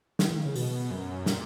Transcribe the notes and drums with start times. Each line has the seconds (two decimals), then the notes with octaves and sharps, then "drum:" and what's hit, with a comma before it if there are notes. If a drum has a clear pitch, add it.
0.19 D#3, drum: snare
0.27 E3
0.36 D#3
0.46 C#3
0.56 B2, drum: open hi-hat
0.91 F#2
1.26 A#2, drum: snare